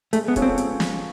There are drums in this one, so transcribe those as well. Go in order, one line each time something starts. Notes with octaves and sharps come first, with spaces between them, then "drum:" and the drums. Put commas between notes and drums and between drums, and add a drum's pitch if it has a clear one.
G#3 A3, drum: hi-hat
B3
C#4 F4 A4 C#5, drum: kick, hi-hat
C4
drum: hi-hat
drum: snare